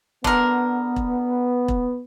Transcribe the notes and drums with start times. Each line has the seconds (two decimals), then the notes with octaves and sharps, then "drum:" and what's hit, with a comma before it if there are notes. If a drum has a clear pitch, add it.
0.24 D3 B3 A#4, drum: kick E1
0.96 drum: kick E1
1.68 drum: kick E1